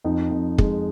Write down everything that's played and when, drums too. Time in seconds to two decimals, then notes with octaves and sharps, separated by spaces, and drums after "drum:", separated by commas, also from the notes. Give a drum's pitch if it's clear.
0.04 F2 D#4
0.31 F2
0.58 G#3, drum: kick